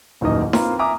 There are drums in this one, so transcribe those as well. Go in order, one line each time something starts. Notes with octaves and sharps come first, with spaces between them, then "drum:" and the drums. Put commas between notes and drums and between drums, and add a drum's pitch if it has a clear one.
D#1 A1 F#2 D#3 A#3 D#5
A#3 C4 F4 B4, drum: snare D#4
E5 G#5 A#5 D6 D#6